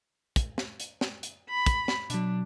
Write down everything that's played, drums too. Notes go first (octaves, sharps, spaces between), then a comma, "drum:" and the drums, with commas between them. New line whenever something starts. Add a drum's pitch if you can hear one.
drum: kick, hi-hat
drum: snare
drum: hi-hat
drum: snare
drum: hi-hat
B5
drum: kick, hi-hat
drum: snare
B2 F#3 D4, drum: hi-hat